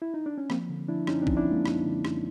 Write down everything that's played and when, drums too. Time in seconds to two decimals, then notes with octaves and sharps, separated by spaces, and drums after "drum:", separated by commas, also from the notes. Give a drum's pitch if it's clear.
0.02 E4
0.14 D#4
0.26 D4
0.38 C#4
0.50 F3 A#3 C4, drum: rim click
0.69 D3
0.88 F3 D4 E4
1.07 F#2 C#4 D#4, drum: rim click
1.22 C4 D4
1.27 F3, drum: kick
1.36 D4 E4
1.46 F3 G#3 A#3
1.66 F#2, drum: rim click
1.85 D3
2.05 F#2, drum: rim click